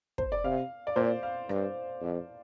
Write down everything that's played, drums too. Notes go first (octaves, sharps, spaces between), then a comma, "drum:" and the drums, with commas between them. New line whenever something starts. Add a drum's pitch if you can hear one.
C5, drum: kick
D5
C3 F5
D5
A#2 C5
F5
G2, drum: rim click
F2